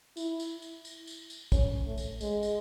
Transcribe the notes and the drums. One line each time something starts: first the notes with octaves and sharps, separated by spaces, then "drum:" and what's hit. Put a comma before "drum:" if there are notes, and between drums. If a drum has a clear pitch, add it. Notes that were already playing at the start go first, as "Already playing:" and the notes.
E4, drum: tambourine
drum: tambourine
drum: tambourine
drum: tambourine
drum: tambourine
drum: tambourine
C#4, drum: kick, tambourine
A3
drum: tambourine
G#3, drum: tambourine
drum: tambourine